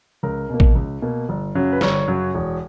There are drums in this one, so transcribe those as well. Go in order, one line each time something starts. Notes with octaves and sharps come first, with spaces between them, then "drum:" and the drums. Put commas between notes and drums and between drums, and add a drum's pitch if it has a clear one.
C#2 A#4
B2 A#3
drum: kick
C#2
B2 A#3
G1
F#2 C#3 F#3
B4
G1 C#5, drum: snare
F#2 C#3 F#3
E1